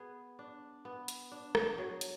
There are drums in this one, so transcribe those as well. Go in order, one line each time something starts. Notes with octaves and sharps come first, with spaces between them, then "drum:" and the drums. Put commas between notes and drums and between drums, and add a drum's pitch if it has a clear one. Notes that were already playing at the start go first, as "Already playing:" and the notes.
Already playing: B3 G#4
D4
B3
drum: hi-hat
D4
drum: rim click
F#3 G#4
drum: hi-hat